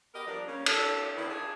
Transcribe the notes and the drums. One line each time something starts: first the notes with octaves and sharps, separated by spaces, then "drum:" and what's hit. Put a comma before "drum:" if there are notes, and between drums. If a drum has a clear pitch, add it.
B3 G4 A#4 D#5
F3 G3 B3 D4 A#4 D5
C#3 G3 A#3 C#4
D4 A4, drum: cymbal
D3 D#3 B3 C4 D4 E4
D4 F4 G4 G#4